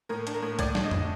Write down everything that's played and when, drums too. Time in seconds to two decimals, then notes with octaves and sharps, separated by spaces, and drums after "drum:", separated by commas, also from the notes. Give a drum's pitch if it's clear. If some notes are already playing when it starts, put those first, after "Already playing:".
0.09 A2 A#4
0.27 D4, drum: hi-hat
0.34 A#4
0.42 A2
0.59 A2 D5, drum: kick B1, hi-hat
0.75 D4, drum: snare
0.83 D#5
0.91 A2, drum: tom F2